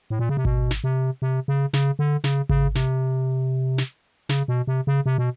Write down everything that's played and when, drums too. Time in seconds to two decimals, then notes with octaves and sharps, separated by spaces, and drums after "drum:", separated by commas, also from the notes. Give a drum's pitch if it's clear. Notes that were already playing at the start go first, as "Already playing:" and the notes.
0.10 A2
0.19 A#2
0.29 C#3
0.37 C3
0.45 B2, drum: kick G#1
0.71 drum: snare
0.84 C3
1.22 C3
1.48 C#3
1.73 C#3, drum: snare
1.99 D3
2.24 C#3, drum: snare
2.49 C#3, drum: kick G#1
2.75 C3, drum: snare
3.78 drum: snare
4.29 C#3, drum: snare
4.48 B2
4.67 C3
4.87 C#3
5.06 C3
5.18 B2